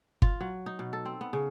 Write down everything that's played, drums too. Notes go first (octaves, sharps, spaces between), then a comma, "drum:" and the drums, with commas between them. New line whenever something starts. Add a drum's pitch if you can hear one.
F4, drum: kick G1
F#3
D#4
B2
A4
C4
B3
C#3